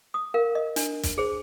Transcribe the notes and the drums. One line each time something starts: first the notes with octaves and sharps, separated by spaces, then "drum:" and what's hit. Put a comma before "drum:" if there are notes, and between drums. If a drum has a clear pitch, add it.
D#6
A#4 F5
D#5
D4, drum: hi-hat
drum: kick, hi-hat
G#4 C5